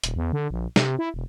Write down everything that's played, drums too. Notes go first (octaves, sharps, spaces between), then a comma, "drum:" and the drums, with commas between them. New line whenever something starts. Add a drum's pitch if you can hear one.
D#1, drum: hi-hat
E2
D3
A#1
C3, drum: snare
E4
E1